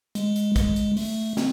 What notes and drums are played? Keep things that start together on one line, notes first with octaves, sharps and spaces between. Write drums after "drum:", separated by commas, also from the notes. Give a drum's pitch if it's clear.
G#3, drum: hi-hat
drum: hi-hat
G#3, drum: kick A#1, hi-hat
drum: hi-hat
A3, drum: open hi-hat
C4, drum: snare